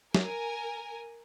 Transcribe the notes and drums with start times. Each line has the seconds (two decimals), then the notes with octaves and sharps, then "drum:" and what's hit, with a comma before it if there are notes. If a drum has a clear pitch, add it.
0.15 A#4 G#5, drum: snare